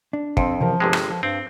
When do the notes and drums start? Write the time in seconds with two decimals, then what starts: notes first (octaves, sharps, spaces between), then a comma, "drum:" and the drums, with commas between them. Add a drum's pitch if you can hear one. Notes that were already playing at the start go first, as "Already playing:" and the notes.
0.13 D4
0.37 F2 C4, drum: kick
0.60 C3 E3 F3 A#4
0.80 G1 C3 G#3 G5
0.93 drum: rim click
1.09 F3
1.23 G2 C4